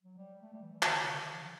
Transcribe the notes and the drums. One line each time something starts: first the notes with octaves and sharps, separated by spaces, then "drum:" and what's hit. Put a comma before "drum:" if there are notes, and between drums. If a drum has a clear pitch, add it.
F#3
G3
A3
G3
E3
E3
D#3, drum: clap
D3
C#3
D3
D#3
E3
F3